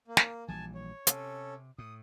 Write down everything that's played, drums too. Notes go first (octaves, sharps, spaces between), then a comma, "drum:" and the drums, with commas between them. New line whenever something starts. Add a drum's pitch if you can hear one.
A#3
drum: snare
A#1 E3 G3 G#5 A5
C#5
C3 C#4 A4, drum: hi-hat
A2 D#6